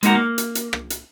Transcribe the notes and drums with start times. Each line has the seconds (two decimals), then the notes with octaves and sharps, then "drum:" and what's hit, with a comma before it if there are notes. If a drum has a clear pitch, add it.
0.03 G#3 A#3 D#4 F#4 A#4, drum: hi-hat
0.15 A#3
0.38 drum: hi-hat
0.55 drum: hi-hat
0.73 drum: rim click
0.90 drum: hi-hat